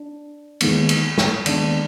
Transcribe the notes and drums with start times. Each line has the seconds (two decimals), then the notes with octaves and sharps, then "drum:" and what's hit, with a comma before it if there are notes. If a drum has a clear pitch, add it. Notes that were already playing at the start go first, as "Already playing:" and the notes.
Already playing: D4
0.61 D#2 D#3 G#3 B3, drum: cymbal
0.89 drum: cymbal
1.18 drum: snare
1.46 D#2 D#3 G#3 B3 D4, drum: cymbal